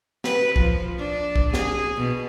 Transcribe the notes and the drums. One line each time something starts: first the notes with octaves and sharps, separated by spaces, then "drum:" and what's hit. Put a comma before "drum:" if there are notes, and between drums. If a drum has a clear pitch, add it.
B4, drum: snare
F3, drum: kick
D4
drum: kick
G#4, drum: snare
B2